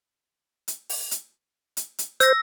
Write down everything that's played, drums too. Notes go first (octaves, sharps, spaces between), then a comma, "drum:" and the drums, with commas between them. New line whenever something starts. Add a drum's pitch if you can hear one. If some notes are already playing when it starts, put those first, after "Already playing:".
drum: hi-hat
drum: open hi-hat
drum: hi-hat
drum: hi-hat
drum: hi-hat
C5 E6 A#6, drum: hi-hat